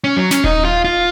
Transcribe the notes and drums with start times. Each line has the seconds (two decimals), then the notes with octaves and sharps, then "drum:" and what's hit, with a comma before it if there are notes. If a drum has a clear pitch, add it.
0.04 C#4
0.17 F#3
0.31 C#4, drum: snare
0.44 D#4, drum: kick D#1
0.65 F4
0.85 F4